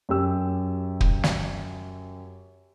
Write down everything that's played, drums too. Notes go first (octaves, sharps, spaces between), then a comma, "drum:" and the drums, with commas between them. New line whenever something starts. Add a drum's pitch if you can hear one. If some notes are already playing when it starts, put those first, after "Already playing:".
F#2 G4 E6
drum: kick
drum: snare